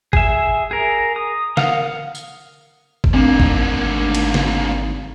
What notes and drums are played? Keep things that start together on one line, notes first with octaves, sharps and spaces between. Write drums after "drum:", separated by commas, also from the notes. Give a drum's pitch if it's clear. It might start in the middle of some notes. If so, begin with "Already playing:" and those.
G#4 E5, drum: kick
G#4 A#4
D#6
A#4 F5 F#5 D#6 F6, drum: snare
drum: tambourine
drum: kick
G#1 D3 A3 A#3 C4 D4
drum: kick
drum: cymbal
drum: snare